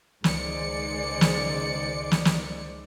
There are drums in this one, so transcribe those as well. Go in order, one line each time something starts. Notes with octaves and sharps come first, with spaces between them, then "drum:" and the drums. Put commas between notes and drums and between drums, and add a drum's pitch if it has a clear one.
C#2 D#3 G#3 C5 D5 C#7, drum: snare
drum: snare
drum: snare
drum: snare